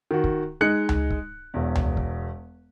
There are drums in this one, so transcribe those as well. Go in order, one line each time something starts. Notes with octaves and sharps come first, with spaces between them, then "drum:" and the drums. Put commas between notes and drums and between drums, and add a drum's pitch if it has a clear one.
D#3 F#4
drum: kick
G#3 D#4 F#6 C#7
drum: tom C#2
drum: kick
E1 E2
drum: tom C#2
drum: kick